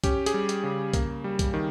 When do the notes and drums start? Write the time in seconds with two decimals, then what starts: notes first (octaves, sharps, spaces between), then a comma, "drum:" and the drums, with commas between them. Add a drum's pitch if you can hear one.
0.04 C#4 G4, drum: kick, hi-hat
0.26 G#4, drum: hi-hat
0.34 G3
0.49 drum: hi-hat
0.64 C#3
0.94 A#3, drum: kick, hi-hat
1.24 G3
1.39 drum: kick, hi-hat
1.54 D#3